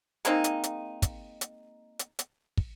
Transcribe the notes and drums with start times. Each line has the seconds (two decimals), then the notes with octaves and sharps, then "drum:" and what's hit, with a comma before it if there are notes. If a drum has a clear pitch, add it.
0.25 G#3 A#3 C4 D#4, drum: hi-hat
0.44 drum: hi-hat
0.63 drum: hi-hat
1.02 drum: kick, hi-hat
1.41 drum: hi-hat
1.99 drum: hi-hat
2.19 drum: hi-hat
2.57 drum: kick